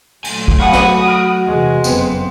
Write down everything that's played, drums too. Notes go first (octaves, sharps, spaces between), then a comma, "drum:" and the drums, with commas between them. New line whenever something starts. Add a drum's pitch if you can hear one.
A#2 F#3 A3 G#5, drum: cymbal
drum: kick
F#4 F5 F#5 G#5 B5 D#6
drum: snare
F6 D7
E2 C3 G#3
F#1 F2 B3 C4, drum: tambourine